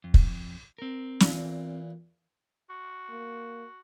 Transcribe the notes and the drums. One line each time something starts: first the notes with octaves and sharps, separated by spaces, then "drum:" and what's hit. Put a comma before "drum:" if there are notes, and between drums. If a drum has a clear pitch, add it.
F2
drum: kick
C4 A#4
E2 A#2, drum: snare
F#4
A#3